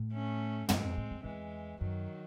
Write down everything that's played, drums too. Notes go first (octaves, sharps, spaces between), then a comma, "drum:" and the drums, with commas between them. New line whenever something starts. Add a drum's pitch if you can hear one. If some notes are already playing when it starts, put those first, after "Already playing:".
Already playing: A2
A3 C#4
G#2 G#3 C4, drum: tom
A2
F#2
E2 E3 G#3
F#2 D#3 F#3